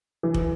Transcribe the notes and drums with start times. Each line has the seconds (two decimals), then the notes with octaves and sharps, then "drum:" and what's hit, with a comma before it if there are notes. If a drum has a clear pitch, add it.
0.23 E3
0.34 drum: kick